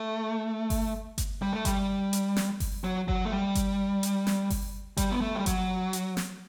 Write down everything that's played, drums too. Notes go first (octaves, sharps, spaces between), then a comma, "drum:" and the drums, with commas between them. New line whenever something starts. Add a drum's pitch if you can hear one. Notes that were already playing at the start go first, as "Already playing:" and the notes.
Already playing: A3
drum: kick G1, open hi-hat
drum: kick G1, hi-hat
G3
A3
G3, drum: kick G1, hi-hat
drum: hi-hat
drum: snare
drum: kick G1, open hi-hat
F#3
F#3, drum: kick G1
A3
G3
drum: kick G1, hi-hat
drum: hi-hat
drum: snare
drum: kick G1, open hi-hat
G3, drum: kick G1, hi-hat
B3
A3
G3
F#3, drum: kick G1, hi-hat
drum: hi-hat
drum: snare